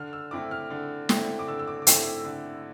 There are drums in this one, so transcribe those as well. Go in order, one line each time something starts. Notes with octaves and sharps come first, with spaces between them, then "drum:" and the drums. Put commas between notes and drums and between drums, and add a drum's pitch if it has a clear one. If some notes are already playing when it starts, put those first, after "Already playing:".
Already playing: D3 F6
E6
A3 C4 E4 D6
F6
D3
A3 C4 E4, drum: snare
D6
D3 E6
E6
D6
D6
A3 C4 E4 E6, drum: hi-hat
D3